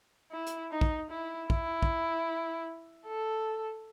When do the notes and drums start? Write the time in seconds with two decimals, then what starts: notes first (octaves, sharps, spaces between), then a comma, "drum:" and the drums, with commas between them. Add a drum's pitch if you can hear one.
0.32 E4
0.47 drum: hi-hat
0.71 D#4
0.81 drum: kick
1.10 E4
1.50 E4, drum: kick
1.82 drum: kick
3.07 A4